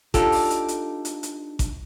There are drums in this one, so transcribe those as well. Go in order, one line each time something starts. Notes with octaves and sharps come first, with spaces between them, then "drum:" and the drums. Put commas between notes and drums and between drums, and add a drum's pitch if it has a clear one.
D4 D#4 F4 G4 A4, drum: kick G#1, hi-hat
drum: open hi-hat
drum: hi-hat
drum: hi-hat
drum: hi-hat
drum: hi-hat
drum: kick G#1, hi-hat